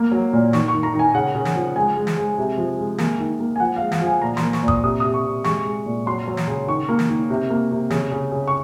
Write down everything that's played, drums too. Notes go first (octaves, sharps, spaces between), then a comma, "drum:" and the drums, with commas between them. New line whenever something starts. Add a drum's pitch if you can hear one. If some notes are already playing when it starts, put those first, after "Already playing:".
Already playing: A#3
F#3
A#2
D#3 C#6, drum: snare
C#6
D#3
A#5
D#3
G#5
C#3 F#5
C#3
drum: snare
F3
G#3 G#5
G#3
drum: snare
G#3
C3
F3
G#3
A#3, drum: snare
D#3
A#3
G#5
F3 F#5
F5
G#3
F5, drum: snare
F3
G#5
A#2 A#5
C6, drum: snare
A#3
C#6, drum: snare
A#2
D#6, drum: kick
C3 D#6
C3 D#6
C#6
C3
G#3 C#6, drum: snare
G#3
A#2
F#3 C6
F#3
drum: snare
C#3
D#3 C#6
A#3
drum: snare
D#3
C3
A#3
C3
C#3, drum: snare
C#3
C#3
C#6